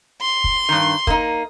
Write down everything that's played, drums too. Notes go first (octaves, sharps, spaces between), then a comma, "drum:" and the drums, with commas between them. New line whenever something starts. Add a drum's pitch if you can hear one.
C6
drum: kick
G2 D#3
A#3 D#4, drum: kick